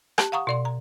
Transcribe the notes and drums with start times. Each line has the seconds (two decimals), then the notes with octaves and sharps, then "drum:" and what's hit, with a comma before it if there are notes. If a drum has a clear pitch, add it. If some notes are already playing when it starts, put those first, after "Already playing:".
0.18 G4 A5, drum: rim click
0.32 F5 F#5 A#5 C#6 D#6
0.47 B2 D5 C6
0.65 A#5